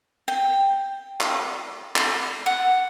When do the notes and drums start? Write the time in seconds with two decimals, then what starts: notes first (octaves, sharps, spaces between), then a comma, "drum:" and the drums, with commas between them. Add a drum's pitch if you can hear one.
0.28 G5
1.21 drum: clap
1.96 drum: clap
2.46 F#5